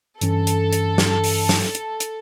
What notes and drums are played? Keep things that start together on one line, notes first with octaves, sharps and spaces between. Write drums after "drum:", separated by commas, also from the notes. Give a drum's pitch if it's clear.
G2 E3 C#4 A4, drum: hi-hat
drum: hi-hat
drum: hi-hat
drum: snare
drum: open hi-hat
drum: snare
drum: hi-hat
drum: hi-hat